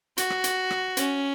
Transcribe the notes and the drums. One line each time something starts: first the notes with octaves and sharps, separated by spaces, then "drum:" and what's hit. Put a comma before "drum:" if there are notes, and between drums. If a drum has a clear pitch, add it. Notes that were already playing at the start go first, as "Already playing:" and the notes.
F#4, drum: hi-hat
drum: rim click
drum: hi-hat
drum: rim click
C#4, drum: hi-hat